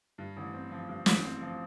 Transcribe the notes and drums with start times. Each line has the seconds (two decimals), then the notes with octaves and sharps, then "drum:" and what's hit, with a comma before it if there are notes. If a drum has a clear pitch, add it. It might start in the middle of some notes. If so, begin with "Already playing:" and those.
0.18 G2
0.37 A1
0.53 C4
0.71 F3
0.89 G2
1.06 A1, drum: snare
1.23 C4
1.41 F3